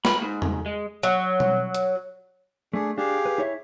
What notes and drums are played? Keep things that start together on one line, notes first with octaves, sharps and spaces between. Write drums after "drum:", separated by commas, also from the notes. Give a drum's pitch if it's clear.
B5, drum: snare
G#2
drum: tom E2
G#3
F#3
drum: tom
drum: hi-hat
A3 D4 G#4
D4 G4 G#4 F5
B4
E4 C#5 E5